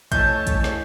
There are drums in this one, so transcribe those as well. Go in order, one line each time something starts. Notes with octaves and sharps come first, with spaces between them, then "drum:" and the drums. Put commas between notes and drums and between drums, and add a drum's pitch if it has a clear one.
A3 E4 C#5 D#5 G#5 A5 G6, drum: kick, hi-hat
drum: kick, hi-hat
drum: snare